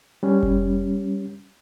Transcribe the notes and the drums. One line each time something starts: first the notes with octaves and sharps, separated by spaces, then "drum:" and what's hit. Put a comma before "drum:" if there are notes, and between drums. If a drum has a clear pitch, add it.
G3 C#4
drum: kick F1